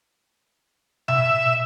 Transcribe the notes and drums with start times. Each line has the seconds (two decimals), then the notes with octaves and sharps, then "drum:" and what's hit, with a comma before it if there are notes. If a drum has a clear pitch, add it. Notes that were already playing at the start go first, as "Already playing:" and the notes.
1.08 E5, drum: tom B2